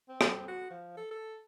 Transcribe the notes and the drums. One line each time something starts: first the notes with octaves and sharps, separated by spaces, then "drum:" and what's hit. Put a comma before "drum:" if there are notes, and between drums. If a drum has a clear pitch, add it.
C4
drum: rim click
F#4
F3
A4
A4